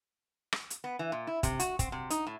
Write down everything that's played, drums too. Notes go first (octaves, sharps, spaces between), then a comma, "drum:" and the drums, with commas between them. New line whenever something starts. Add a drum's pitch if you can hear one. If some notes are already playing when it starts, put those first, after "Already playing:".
drum: rim click
drum: hi-hat
B3
E3
A#2
E4
C3, drum: kick, hi-hat
F#4, drum: hi-hat
C4, drum: kick, hi-hat
C3
D#4, drum: hi-hat
A2